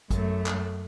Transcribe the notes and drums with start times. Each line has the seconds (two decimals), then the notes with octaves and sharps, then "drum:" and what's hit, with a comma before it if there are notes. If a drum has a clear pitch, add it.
0.11 F#2 A3, drum: kick, hi-hat
0.46 drum: clap